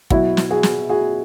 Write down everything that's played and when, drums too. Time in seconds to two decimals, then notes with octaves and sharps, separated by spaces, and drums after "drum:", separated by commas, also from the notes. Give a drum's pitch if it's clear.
0.10 B2 F#3 E4 F#4, drum: kick
0.37 drum: snare
0.50 F#4 G#4
0.63 drum: snare
0.89 F#4 G#4